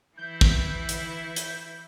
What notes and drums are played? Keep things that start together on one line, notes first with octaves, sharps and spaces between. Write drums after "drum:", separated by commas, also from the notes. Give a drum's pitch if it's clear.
E3 E4 G6
drum: kick
drum: hi-hat
drum: hi-hat